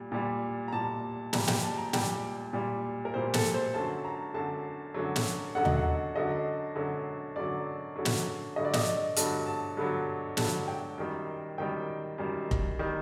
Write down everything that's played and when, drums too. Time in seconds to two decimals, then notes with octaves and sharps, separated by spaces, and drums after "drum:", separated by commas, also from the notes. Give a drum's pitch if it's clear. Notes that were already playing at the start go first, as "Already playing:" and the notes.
Already playing: A#2 G3
0.12 A#2 G3
0.68 A#5
0.73 A#2 G3 A5
1.33 A#2 G3 A#5, drum: snare
1.48 G5, drum: snare
1.63 A5
1.78 A#5
1.93 A#2 G3 G5, drum: snare
2.53 A#2 G3
3.05 A#4
3.14 A#2 G3 C5
3.34 A4, drum: snare
3.54 C5
3.74 F#2 D3 F#3 A5
4.05 A#5
4.34 F#2 D3 F#3 A5
4.94 F#2 D3 F#3
5.16 drum: snare
5.55 F#2 D3 F#3 F#5
5.65 D#5, drum: tom
5.76 F#5
6.15 F#2 D3 F#3 D#5
6.75 F#2 D3 F#3
7.36 F#2 D3 F#3 D5
7.96 F#2 D3 F#3
8.05 drum: snare
8.56 G2 D3 F#3 D#5
8.65 D5
8.73 D#5, drum: snare
9.16 G2 D3 F#3 A5, drum: hi-hat
9.46 A5
9.77 G2 D3 F#3
10.37 G2 D3 F#3 A5, drum: snare
10.68 G5
10.98 F#2 D#3 G3
11.58 F#2 D#3 G3 G5
12.18 F#2 D#3 G3
12.51 drum: kick F1
12.79 D#3 G3